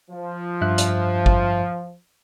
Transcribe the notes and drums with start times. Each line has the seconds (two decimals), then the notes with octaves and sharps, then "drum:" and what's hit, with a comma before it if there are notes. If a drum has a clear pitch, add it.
0.11 F3
0.61 G2 E5 F#6
0.78 drum: hi-hat
1.26 drum: kick G#1